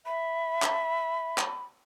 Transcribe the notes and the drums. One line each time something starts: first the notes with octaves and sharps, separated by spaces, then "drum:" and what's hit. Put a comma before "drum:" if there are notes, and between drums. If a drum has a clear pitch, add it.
E5 B5
drum: clap
drum: clap